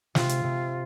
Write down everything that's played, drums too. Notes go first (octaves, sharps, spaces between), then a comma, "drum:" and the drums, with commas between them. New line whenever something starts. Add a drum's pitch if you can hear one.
C3 F4, drum: snare
drum: hi-hat
C3